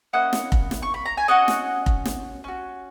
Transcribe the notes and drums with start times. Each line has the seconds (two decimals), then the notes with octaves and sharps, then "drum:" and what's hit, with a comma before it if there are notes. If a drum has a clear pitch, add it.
0.13 A#3 C#4 E4 D#5 F#5
0.33 drum: snare
0.52 drum: kick F1
0.71 drum: snare
0.82 C#6
0.94 B5
1.06 A#5
1.17 G#5
1.28 C#4 F#4 D#5 F#5
1.48 drum: snare
1.86 drum: kick F1
2.05 drum: snare
2.44 C#4 F#4